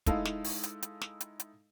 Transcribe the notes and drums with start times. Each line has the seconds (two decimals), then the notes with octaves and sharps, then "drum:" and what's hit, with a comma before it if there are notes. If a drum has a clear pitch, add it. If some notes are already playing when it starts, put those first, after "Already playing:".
0.06 G#3 D#4 E4 A4 D#5 F5, drum: kick, hi-hat
0.25 drum: snare
0.44 drum: open hi-hat
0.63 drum: hi-hat
0.82 drum: hi-hat
1.01 drum: snare
1.21 drum: hi-hat
1.40 drum: hi-hat